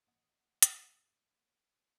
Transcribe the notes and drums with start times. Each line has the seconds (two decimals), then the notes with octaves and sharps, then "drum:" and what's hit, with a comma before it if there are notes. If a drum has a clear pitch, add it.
0.06 A1 A#3 D#5 F#5 D#6 C#7
0.63 drum: hi-hat